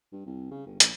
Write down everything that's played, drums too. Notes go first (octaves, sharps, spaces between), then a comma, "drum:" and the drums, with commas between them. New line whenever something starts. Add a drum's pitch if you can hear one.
G2
C2
C#3
G1
A#1, drum: hi-hat